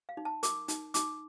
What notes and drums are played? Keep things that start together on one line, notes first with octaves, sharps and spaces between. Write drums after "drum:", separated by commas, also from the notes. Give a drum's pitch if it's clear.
F5
D#4
A5
A#4 D6, drum: hi-hat
D#4, drum: hi-hat
D#4 D6, drum: hi-hat